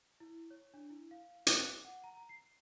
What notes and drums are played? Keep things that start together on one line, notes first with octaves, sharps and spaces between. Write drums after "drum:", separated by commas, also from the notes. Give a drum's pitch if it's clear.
E4
C#5
D4
E4
F5
F#6, drum: hi-hat
D6
F#5
A#5
A#5
C7